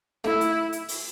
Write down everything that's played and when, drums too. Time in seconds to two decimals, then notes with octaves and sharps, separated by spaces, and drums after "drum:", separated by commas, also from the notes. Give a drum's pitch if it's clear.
0.24 A3 E4, drum: snare
0.41 drum: hi-hat
0.73 drum: hi-hat
0.88 drum: open hi-hat